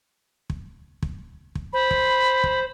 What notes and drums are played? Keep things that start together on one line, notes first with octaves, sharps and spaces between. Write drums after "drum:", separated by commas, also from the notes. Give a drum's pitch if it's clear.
drum: kick
drum: kick
drum: kick
C5 B5
drum: kick
drum: kick